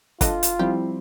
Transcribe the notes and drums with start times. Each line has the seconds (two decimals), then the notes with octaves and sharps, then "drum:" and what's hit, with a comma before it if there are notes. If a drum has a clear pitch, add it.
0.21 D4 F4 A4 D#5, drum: kick, hi-hat
0.43 drum: hi-hat
0.59 F3 G3 C4 E4 G4